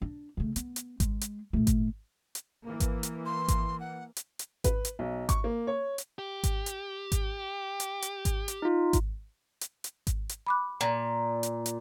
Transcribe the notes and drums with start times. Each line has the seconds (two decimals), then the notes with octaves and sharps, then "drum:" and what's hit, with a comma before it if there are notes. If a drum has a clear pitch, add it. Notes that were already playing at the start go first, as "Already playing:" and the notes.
0.02 D4
0.37 C#3 A3
0.56 B3, drum: hi-hat
0.76 drum: hi-hat
1.00 G#3, drum: kick G#1, hi-hat
1.21 drum: hi-hat
1.53 A#2 A3
1.67 drum: kick G#1, hi-hat
2.35 drum: hi-hat
2.63 E3 A#3
2.80 drum: kick G#1, hi-hat
3.03 drum: hi-hat
3.26 C6
3.48 drum: kick G#1, hi-hat
3.80 F#5
4.17 drum: hi-hat
4.39 drum: hi-hat
4.64 B4, drum: kick G#1, hi-hat
4.85 drum: hi-hat
4.99 B1
5.29 C#6, drum: kick G#1, hi-hat
5.44 A#3
5.67 C#5
5.98 drum: hi-hat
6.19 G4
6.44 drum: kick G#1, hi-hat
6.66 drum: hi-hat
7.12 drum: kick G#1, hi-hat
7.80 drum: hi-hat
8.02 drum: hi-hat
8.25 drum: kick G#1, hi-hat
8.48 drum: hi-hat
8.62 D#4 F4
8.93 drum: kick G#1, hi-hat
9.61 drum: hi-hat
9.84 drum: hi-hat
10.07 drum: kick G#1, hi-hat
10.29 drum: hi-hat
10.47 B5 D6 F#6
10.81 A#2
11.43 drum: hi-hat
11.66 drum: hi-hat